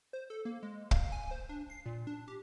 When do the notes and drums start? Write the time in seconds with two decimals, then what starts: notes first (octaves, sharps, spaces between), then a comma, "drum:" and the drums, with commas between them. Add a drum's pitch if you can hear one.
0.13 C5
0.30 A4
0.45 A#3
0.63 G#3
0.91 F5, drum: kick
1.12 G#5
1.31 C5
1.49 D4
1.70 C7
1.86 A#2
2.07 D4
2.28 G4